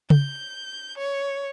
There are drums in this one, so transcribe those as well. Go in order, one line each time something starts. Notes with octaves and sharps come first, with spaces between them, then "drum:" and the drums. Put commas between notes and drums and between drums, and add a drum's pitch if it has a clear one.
G6, drum: tom C#3
C#5